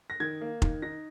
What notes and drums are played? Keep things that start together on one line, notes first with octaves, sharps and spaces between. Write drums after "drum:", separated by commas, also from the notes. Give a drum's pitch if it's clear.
A#6
D#3 G#6
A#3
D#3, drum: kick F1
D#4 A#6